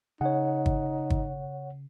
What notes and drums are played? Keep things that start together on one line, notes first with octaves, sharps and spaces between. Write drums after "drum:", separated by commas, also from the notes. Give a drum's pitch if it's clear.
C#3 D#4 C#5 F#5
drum: kick
drum: kick